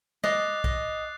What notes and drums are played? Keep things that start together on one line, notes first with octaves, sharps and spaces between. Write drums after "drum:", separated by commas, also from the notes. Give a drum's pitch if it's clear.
D#5 D6 F#6 A6 C7, drum: snare
D#5, drum: kick B1